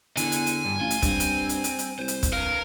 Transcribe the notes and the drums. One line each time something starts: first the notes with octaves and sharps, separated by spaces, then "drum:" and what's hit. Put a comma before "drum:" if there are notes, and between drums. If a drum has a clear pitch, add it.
E2 D3 G#5, drum: hi-hat
drum: hi-hat
drum: hi-hat
G2
A1 F4
drum: hi-hat
G2 C4, drum: kick, hi-hat
drum: hi-hat
drum: hi-hat
drum: hi-hat
drum: hi-hat
C2 C5
drum: hi-hat
drum: kick, hi-hat
A#4 B4 F5